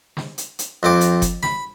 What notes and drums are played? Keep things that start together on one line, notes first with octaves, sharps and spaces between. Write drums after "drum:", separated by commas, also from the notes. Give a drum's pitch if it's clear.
drum: snare
drum: hi-hat
drum: hi-hat
F2 C4 D6
drum: hi-hat
drum: kick F#1, hi-hat
B5, drum: snare